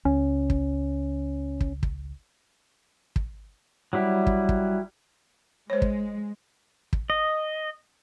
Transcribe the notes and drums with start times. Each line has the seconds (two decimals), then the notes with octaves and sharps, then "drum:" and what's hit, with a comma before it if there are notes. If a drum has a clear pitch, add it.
0.05 C#2 C#4
0.50 drum: kick
1.61 drum: kick
1.83 drum: kick
3.16 drum: kick
3.93 F#3 G3 E4
4.27 drum: kick
4.49 drum: kick
5.70 G#3 C5 C#5
5.82 drum: kick
6.93 drum: kick
7.10 D#5